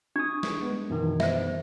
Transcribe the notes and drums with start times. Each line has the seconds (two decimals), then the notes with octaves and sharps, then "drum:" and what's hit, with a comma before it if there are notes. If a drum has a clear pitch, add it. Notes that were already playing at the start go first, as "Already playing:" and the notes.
0.16 D4 C#6 D#6
0.43 drum: snare
0.62 G#3 B3
0.90 F#2 B2 D#3 E3
1.20 B3 C5 E5, drum: snare